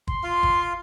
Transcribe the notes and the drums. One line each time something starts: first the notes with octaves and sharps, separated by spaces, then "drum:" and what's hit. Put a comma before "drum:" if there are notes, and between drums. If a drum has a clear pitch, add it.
C6, drum: kick
F4 F5
drum: kick